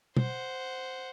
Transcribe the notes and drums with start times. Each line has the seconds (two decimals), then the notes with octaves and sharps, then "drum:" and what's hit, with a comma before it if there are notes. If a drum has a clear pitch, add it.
0.17 C5 F#5, drum: tom